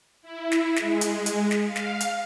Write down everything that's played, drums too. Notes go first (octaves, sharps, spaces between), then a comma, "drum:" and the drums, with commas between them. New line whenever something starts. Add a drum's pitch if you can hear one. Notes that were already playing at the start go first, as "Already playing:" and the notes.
E4
drum: snare
G#3, drum: snare
drum: hi-hat
drum: hi-hat
drum: snare
F5
drum: snare
drum: hi-hat